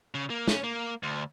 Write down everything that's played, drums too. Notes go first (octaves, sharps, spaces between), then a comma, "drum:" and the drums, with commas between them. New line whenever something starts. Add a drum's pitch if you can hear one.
C#3
A#3
C#4, drum: snare
A#3
D2